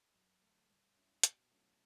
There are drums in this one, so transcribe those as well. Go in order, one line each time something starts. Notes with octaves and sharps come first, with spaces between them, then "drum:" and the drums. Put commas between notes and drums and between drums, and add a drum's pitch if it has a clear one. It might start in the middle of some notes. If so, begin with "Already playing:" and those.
F#2
D3 A3
G2
F#3 C#4 E4
B2, drum: hi-hat
F#3 A3 C#4 E4